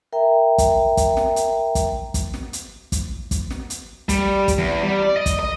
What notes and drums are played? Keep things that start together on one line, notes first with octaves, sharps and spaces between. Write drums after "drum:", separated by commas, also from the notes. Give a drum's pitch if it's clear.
A#4 E5 G5 A#5
drum: kick, hi-hat
drum: kick, hi-hat
drum: snare
drum: hi-hat
drum: kick, hi-hat
drum: kick, hi-hat
drum: snare
drum: hi-hat
drum: kick, hi-hat
drum: kick, hi-hat
drum: snare
drum: hi-hat
G3, drum: kick, hi-hat
drum: kick, hi-hat
E2
G3
D5
D#5
drum: kick, hi-hat
D#5